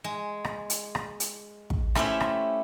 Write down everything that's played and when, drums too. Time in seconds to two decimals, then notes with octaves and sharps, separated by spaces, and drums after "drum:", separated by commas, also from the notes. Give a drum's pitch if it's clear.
0.04 G#3
0.44 drum: rim click
0.70 drum: hi-hat
0.95 drum: rim click
1.20 drum: hi-hat
1.70 drum: kick
1.95 A3 C#4 E4 G4 C5 E5, drum: rim click
2.20 drum: rim click